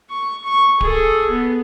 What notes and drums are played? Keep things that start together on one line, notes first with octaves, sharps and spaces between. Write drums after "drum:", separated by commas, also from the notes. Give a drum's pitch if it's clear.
C#6
C#6
G#4 A4, drum: kick D1
B3